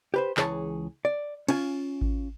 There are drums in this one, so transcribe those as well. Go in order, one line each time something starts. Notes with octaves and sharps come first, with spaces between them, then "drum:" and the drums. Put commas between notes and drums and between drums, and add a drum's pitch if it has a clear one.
G4 B4 C5
C#2 E3 G#4 C#5 A5, drum: clap
D5
C#4 F4 G#5, drum: cymbal
drum: kick G#1